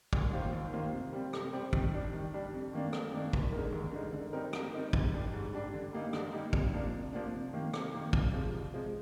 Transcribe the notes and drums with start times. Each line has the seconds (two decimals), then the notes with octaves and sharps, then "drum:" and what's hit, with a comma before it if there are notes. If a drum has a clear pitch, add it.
0.13 D#2, drum: kick
0.33 D#3 A#3 F4 C5
0.53 D#2
0.73 D#3 A#3 F4 C5
0.92 C3
1.13 G3 C4
1.33 C3, drum: rim click
1.53 G3 C4
1.73 D#3, drum: kick
1.93 G3 D4
2.13 D#3
2.33 G3 D4
2.54 F2
2.73 D#3 A#3 D4
2.93 F2, drum: rim click
3.12 D#3 A#3 D4
3.33 D#2, drum: kick
3.53 D3 G#3 D#4 A#4
3.73 D#2
3.93 D3 G#3 D#4 A#4
4.13 D3
4.33 G3 C4 D#4 A#4
4.53 D3, drum: rim click
4.73 G3 C4 D#4 A#4
4.93 G#2, drum: kick
5.13 G3 D4
5.33 G#2
5.53 G3 D4
5.74 D3
5.93 G3 A#3 D#4
6.13 D3, drum: rim click
6.33 G3 A#3 D#4
6.53 C3, drum: kick
6.73 F3 A#3 D4
6.94 C3
7.13 F3 A#3 D4
7.33 C3
7.53 D#3 A#3
7.74 C3, drum: rim click
7.93 D#3 A#3
8.13 C2, drum: kick
8.33 C3 F3 G#3
8.54 C2
8.73 C3 F3 G#3